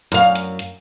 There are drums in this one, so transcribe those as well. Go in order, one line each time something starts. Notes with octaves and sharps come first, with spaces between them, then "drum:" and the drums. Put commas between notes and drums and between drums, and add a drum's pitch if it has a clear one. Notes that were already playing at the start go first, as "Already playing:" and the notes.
F#2 F5, drum: hi-hat
drum: hi-hat
drum: hi-hat